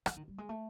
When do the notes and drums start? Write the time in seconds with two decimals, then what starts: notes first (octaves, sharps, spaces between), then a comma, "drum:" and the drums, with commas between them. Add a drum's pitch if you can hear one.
0.06 E3, drum: rim click
0.17 D#3
0.28 G3
0.38 G#3
0.49 A3